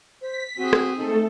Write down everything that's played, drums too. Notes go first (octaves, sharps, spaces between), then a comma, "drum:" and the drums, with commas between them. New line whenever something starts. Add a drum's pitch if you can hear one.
C5 B6
C4 F#4 G#4
drum: rim click
A3 D#4 A4